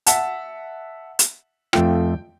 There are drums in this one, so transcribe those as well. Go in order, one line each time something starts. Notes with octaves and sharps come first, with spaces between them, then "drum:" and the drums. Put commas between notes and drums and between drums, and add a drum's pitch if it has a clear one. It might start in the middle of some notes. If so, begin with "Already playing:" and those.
E5 F#5 A5, drum: hi-hat
drum: hi-hat
F2 A3 F4 G5, drum: rim click